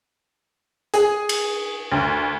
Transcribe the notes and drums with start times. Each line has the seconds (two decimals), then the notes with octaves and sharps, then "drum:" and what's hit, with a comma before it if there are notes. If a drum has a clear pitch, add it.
0.94 G#4, drum: hi-hat
1.29 drum: cymbal
1.92 D2